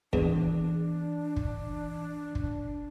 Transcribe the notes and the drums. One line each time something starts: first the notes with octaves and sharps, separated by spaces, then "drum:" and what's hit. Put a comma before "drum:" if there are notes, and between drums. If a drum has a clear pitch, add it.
E2 E3 D4, drum: kick
drum: kick
drum: kick